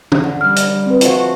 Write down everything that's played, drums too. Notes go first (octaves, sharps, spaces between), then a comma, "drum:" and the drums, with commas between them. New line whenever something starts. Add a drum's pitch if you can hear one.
drum: tom
D3
G3 F6
drum: hi-hat
C4 B4
F3 A3 F#4, drum: hi-hat